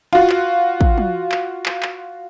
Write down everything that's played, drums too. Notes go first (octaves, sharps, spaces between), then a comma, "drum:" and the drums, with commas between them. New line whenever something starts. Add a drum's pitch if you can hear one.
F4 F#4
drum: clap
drum: kick
drum: tom
drum: clap
drum: clap
drum: clap